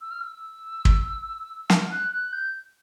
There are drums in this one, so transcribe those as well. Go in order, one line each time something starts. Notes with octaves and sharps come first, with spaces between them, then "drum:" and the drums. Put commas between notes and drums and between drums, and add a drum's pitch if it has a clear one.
E6
F6
E6
drum: kick
F6, drum: snare
F#6
F#6
G6